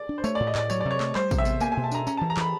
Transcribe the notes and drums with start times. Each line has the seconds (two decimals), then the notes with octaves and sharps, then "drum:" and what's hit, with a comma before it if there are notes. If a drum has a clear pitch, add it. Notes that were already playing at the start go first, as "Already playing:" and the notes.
Already playing: D5
0.09 D4
0.18 C5
0.24 A3 C#5, drum: tambourine
0.35 A2 D5
0.47 D#5
0.55 A2 D5, drum: clap
0.70 F#3 C#5, drum: tambourine
0.81 C3 D5
0.91 C#5
1.00 A3, drum: clap
1.15 G3 C5, drum: clap
1.31 C3, drum: kick, tambourine
1.38 E5
1.45 B3, drum: tambourine
1.60 A#3 G#5, drum: tambourine
1.72 B2 G#5
1.84 A5
1.91 D4 A#5, drum: tambourine
2.07 C#4 A#5, drum: tambourine
2.17 E3 A5
2.30 A#5
2.37 E3 B5, drum: clap